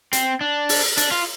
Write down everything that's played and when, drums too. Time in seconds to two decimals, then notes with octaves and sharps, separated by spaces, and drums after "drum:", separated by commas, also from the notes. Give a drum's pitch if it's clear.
0.13 C4, drum: hi-hat
0.41 D4
0.69 drum: open hi-hat
0.97 D4, drum: hi-hat
1.11 F4